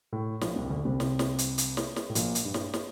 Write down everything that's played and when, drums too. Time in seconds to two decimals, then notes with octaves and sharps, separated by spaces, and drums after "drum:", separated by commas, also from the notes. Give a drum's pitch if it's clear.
0.12 A2
0.41 A#1 A#2, drum: snare
0.56 C2 C3
0.70 D2 D3
0.85 C2 C3
1.00 drum: snare
1.19 drum: snare
1.38 drum: hi-hat
1.58 drum: hi-hat
1.77 drum: snare
1.96 drum: snare
2.10 A2
2.15 A#1 A#2, drum: hi-hat
2.35 drum: hi-hat
2.45 G2
2.54 drum: snare
2.74 drum: snare